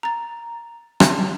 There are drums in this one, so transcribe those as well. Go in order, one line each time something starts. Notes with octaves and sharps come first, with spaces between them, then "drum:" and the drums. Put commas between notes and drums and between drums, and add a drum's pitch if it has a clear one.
A#5 A6
drum: rim click